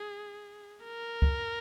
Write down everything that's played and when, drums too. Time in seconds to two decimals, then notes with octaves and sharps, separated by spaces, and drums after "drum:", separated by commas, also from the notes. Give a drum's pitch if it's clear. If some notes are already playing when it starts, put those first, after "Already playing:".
Already playing: G#4
0.84 A#4
1.22 drum: kick